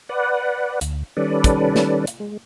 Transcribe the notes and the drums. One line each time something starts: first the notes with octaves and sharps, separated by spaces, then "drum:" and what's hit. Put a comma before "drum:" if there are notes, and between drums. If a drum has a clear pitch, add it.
B4 D5 F#5
D2, drum: hi-hat
D#3 G3 C#4 A4 B4 D5
drum: kick, hi-hat
drum: snare
drum: hi-hat
G#3